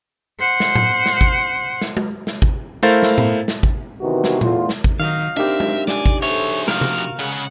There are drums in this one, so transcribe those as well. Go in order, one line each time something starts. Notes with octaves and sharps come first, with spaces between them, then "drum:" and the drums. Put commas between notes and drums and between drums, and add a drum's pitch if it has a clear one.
C5 F#5
drum: snare
drum: tom A2
drum: snare
drum: kick
drum: snare
drum: tom G#3
drum: snare
drum: kick
A3 E4 A#4 C5 F5 A6
drum: snare
drum: tom A2
drum: snare
drum: kick
C3 D#3 E3 B3 F#4
drum: snare
E2 A2 A3 F4, drum: tom A#2
drum: snare
drum: kick
D#3 F#3 D#4 F5
C4 D4 D#4 G4 A#4 E5
drum: tom G#3
D5 G#5, drum: snare
drum: kick
G#4 A4 C5 C#5 E5
C3 F3 F#4 A#4 F5, drum: snare
drum: tom C3
C#3 G#3 F#5